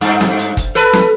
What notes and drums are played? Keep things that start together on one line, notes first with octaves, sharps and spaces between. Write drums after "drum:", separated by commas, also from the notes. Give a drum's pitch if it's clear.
G2, drum: hi-hat
drum: snare
drum: hi-hat
drum: kick, hi-hat
A4 B4, drum: hi-hat
drum: snare